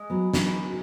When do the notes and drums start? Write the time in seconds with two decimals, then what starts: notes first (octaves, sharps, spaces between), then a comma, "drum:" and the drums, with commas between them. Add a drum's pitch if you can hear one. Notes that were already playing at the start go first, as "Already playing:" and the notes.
Already playing: G#3
0.10 F#3 B3
0.34 F#3 B3, drum: snare